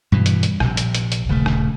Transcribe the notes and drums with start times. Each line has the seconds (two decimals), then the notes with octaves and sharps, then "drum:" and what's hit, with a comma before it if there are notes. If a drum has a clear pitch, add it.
0.12 G2 B2 E3
0.26 drum: hi-hat
0.43 drum: hi-hat
0.60 A#1 C3, drum: rim click
0.77 drum: hi-hat
0.95 drum: hi-hat
1.12 drum: hi-hat
1.29 D#1 C#3 A3
1.46 drum: rim click